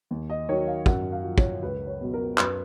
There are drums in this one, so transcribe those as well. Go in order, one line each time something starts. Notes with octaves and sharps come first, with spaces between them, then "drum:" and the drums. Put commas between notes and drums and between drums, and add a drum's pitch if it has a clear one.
D#2
D#5
D#3 F#3 C#5
F5
F#2 F#5, drum: kick
F5
F3
C#5, drum: kick
C#2 B4
C#5
B2 F#3
A#4
F#2 B4, drum: clap